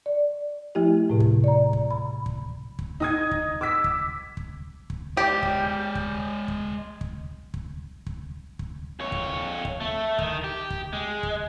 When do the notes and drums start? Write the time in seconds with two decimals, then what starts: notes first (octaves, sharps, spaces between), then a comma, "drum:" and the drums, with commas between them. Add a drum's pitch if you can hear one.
0.06 D5
0.75 F3 A3 E4 G4
1.10 A2 C3
1.20 drum: kick
1.44 D5 A#5
1.73 drum: kick
1.91 B5
2.26 drum: kick
2.79 drum: kick
3.00 D#4 D#6 G#6
3.31 drum: kick
3.61 D6 E6 B6
3.84 drum: kick
4.37 drum: kick
4.90 drum: kick
5.17 G#3 G4 D5
5.43 drum: kick
5.95 drum: kick
6.48 drum: kick
7.01 drum: kick
7.54 drum: kick
8.07 drum: kick
8.59 drum: kick
9.00 F2 C#5
9.12 drum: kick
9.65 drum: kick
9.81 A3
10.19 D#3, drum: kick
10.44 G4
10.70 drum: kick
10.93 G#3
11.23 drum: kick